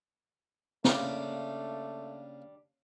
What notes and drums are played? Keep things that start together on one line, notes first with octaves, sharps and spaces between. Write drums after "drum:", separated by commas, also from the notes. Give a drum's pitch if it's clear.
C#3 G3 A3 A#3 D4 D5 F5, drum: snare